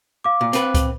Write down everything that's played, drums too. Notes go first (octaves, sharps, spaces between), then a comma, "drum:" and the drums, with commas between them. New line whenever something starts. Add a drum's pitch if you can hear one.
F5 D6
A#2
C4 B4, drum: hi-hat
drum: kick C#2, hi-hat